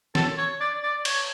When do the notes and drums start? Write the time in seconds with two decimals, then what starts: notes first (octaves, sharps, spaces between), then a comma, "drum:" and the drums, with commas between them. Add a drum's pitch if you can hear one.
0.15 A4, drum: snare
0.37 C#5
0.60 D5
0.83 D5
1.05 C#5, drum: cymbal